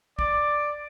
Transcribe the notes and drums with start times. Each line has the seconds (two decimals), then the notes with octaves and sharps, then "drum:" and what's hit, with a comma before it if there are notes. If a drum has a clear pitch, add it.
0.19 D5, drum: kick